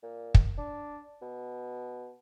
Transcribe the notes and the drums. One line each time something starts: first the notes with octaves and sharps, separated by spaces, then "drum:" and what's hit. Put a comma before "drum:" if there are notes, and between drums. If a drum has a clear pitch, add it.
A#2
drum: kick
D4
B2